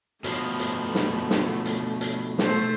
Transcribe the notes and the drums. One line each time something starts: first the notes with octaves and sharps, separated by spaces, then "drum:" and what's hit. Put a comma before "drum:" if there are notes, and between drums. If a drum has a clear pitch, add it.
B2 F3 A3, drum: hi-hat
drum: hi-hat
drum: snare
drum: snare
drum: hi-hat
drum: hi-hat
A3 C5, drum: snare